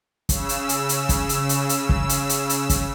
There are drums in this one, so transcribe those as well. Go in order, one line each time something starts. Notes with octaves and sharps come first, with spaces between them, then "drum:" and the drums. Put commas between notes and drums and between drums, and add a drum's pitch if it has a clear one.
C#3 E6, drum: kick, hi-hat
drum: hi-hat
drum: hi-hat
drum: hi-hat
drum: kick, hi-hat
drum: hi-hat
drum: hi-hat
drum: hi-hat
drum: kick
drum: hi-hat
drum: hi-hat
drum: hi-hat
drum: kick, hi-hat